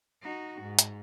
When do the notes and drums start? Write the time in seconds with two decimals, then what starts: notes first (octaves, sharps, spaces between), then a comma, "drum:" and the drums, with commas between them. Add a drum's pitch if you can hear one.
0.22 D#4 F#4
0.61 G#2
0.79 drum: hi-hat